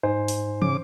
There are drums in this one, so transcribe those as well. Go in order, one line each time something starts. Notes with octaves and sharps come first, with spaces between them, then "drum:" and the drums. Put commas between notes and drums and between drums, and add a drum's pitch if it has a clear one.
G#2 D#4 C5 G#5
drum: open hi-hat
C#3 D6, drum: tom